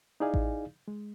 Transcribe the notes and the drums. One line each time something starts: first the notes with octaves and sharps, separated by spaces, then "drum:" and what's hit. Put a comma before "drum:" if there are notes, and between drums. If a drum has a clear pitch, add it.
D#4 E4 G#4 D5 F5 G#5
drum: kick A1
G#3